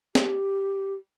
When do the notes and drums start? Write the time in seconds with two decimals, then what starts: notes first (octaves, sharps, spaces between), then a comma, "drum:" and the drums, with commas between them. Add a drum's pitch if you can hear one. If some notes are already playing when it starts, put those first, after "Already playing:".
0.15 G4, drum: snare